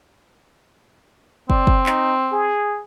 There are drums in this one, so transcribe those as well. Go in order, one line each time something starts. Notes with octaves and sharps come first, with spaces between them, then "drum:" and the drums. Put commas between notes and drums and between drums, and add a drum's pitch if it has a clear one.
C4 D5, drum: kick
drum: kick
D#4, drum: clap
G#4